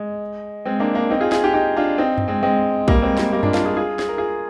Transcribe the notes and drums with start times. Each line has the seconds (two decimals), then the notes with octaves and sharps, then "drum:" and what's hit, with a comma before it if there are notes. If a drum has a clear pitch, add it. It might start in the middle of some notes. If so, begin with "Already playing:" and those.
Already playing: G#3
0.66 G#3 C4
0.80 A#3 D4
0.95 A#3 D4
1.10 C4 D#4
1.21 F4 G#4
1.32 F4 G#4, drum: snare
1.43 D#4 G4
1.54 D#4 G4
1.77 D4 F4
1.98 C4 D#4
2.18 drum: tom F#2
2.28 G#3 C4
2.43 G#3 C4
2.88 G3 A#3, drum: kick
3.02 G#3 C4
3.17 G3 A#3, drum: snare
3.32 G3 A#3
3.43 D4 F4, drum: tom F#2
3.54 D4 F4, drum: snare
3.66 F4 G#4
3.77 F4 G#4
3.99 G#4, drum: snare
4.09 A#4
4.18 F4 G#4